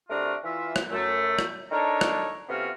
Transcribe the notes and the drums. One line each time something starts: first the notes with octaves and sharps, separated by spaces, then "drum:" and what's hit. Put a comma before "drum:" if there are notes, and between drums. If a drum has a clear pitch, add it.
C3 A3 D4 F4 F#4 A#4
E3 F4 E5
drum: rim click
F#2 A3
drum: rim click
D4 D#4 A4 A#4 C#5 A#5
drum: rim click
C3 A3 B3 C#4 F4 F#4